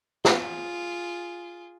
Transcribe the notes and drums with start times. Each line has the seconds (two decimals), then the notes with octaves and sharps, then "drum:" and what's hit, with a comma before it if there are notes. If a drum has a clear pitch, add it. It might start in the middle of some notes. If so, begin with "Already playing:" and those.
0.25 F4 G#4, drum: snare